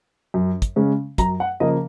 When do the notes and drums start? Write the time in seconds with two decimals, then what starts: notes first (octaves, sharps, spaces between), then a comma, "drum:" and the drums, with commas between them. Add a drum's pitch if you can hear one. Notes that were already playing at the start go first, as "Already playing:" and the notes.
0.34 F#2
0.62 drum: kick, hi-hat
0.76 C#3 G#3 C#4
1.18 F#2 A#5, drum: kick, hi-hat
1.40 F#5
1.60 C#3 F3 A#3 D#5